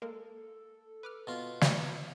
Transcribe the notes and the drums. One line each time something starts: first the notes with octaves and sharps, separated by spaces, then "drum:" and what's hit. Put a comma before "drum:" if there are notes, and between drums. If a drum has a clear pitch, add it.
G#3 A#3 A4 A#4
B4 D6 F6
B2 F4
drum: snare